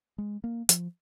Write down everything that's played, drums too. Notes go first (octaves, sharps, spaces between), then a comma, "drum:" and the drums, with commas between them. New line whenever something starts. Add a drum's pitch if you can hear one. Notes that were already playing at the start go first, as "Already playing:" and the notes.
G#3
A#3
F3, drum: hi-hat